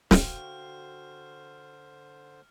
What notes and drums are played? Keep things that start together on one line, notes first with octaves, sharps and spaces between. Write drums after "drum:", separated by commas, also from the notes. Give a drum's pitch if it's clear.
D3 F#4 C5 F5 G5 F6, drum: snare